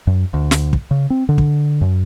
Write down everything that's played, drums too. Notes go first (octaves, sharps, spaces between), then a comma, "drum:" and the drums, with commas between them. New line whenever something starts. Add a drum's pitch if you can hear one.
F#2
D2
drum: snare
drum: kick
C#3
C4
D3
drum: kick
F#2